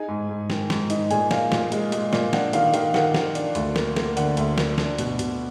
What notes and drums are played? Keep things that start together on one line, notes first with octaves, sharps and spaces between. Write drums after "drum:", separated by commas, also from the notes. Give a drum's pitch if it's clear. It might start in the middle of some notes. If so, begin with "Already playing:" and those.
Already playing: D#4 G#4 G#5
G#2
G#2
D#3, drum: snare
G#2, drum: snare
D#4, drum: hi-hat
A#2 G#4 G#5, drum: hi-hat
A#2 F5, drum: snare
A#2, drum: snare
G#3, drum: hi-hat
G#3, drum: hi-hat
A#2, drum: snare
D4 F#5, drum: snare
D#3 F5, drum: hi-hat
D#3 F5, drum: hi-hat
D#3 F#5, drum: snare
D#3, drum: snare
D4, drum: hi-hat
D2, drum: hi-hat
A#3, drum: snare
A#3, drum: snare
D3 F#5, drum: hi-hat
D2, drum: hi-hat
A#3, drum: snare
D4, drum: snare
B2, drum: hi-hat
B2, drum: hi-hat